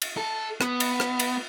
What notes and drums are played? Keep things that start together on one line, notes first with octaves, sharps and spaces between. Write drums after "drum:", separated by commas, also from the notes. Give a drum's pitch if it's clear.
drum: cymbal
A4
B3, drum: rim click
drum: cymbal
drum: rim click
drum: cymbal